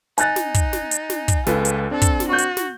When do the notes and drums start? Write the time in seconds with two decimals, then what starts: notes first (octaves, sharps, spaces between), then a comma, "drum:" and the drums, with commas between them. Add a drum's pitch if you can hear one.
0.18 D#4 G#5 F#6 A6, drum: hi-hat
0.36 drum: snare
0.54 drum: kick, hi-hat
0.73 drum: snare
0.91 drum: hi-hat
1.10 drum: snare
1.28 drum: kick, hi-hat
1.46 C#2 F4 A4 B4, drum: snare
1.65 drum: hi-hat
1.91 C4 D4 A4
2.02 drum: kick, hi-hat
2.20 drum: snare
2.29 F#4 C#6 G6
2.38 drum: hi-hat
2.57 drum: snare